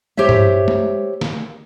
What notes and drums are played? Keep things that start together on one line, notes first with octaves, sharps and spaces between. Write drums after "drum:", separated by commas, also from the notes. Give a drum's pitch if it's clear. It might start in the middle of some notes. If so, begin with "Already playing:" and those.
G4 C5 C#5 E5
drum: tom
drum: tom
drum: snare